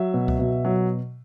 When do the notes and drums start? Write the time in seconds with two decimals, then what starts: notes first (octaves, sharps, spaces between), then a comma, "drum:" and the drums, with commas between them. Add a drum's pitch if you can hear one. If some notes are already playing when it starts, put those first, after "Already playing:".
Already playing: F#3 E5
0.14 B2
0.28 drum: kick C#2
0.39 B2
0.65 F#3